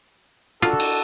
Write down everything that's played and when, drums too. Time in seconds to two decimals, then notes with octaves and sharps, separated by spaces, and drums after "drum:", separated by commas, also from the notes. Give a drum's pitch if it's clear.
0.62 D4 F4 F#4 A4, drum: rim click
0.80 drum: cymbal